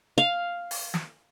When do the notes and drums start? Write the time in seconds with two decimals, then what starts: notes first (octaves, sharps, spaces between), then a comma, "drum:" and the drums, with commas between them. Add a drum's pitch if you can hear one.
0.18 F5
0.71 drum: open hi-hat
0.94 drum: snare